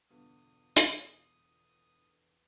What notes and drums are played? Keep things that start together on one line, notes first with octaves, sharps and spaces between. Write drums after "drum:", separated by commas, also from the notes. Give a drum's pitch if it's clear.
G1 E2 B2 D3 F4 B4 D#6
drum: hi-hat